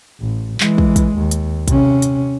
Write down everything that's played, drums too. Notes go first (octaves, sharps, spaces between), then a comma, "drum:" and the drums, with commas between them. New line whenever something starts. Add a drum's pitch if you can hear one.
A1
E3 G#3, drum: clap
drum: kick
drum: kick, hi-hat
D#2
drum: hi-hat
C3 C#4, drum: kick, hi-hat
drum: hi-hat